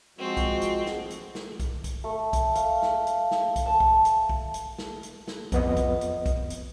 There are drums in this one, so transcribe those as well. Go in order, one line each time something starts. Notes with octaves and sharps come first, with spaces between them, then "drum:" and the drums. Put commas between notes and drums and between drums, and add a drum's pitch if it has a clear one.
F3 G#3 C4 F#4
drum: kick, hi-hat
drum: hi-hat
drum: snare
drum: hi-hat
drum: snare
drum: kick, hi-hat
drum: kick, hi-hat
A3
drum: kick, hi-hat
F5, drum: hi-hat
drum: snare
drum: hi-hat
drum: snare
drum: kick, hi-hat
A5
drum: kick
drum: hi-hat
drum: kick
drum: hi-hat
drum: snare
drum: hi-hat
drum: snare
F2 B3 D#5, drum: kick, hi-hat
drum: kick, hi-hat
drum: hi-hat
drum: kick, hi-hat
drum: hi-hat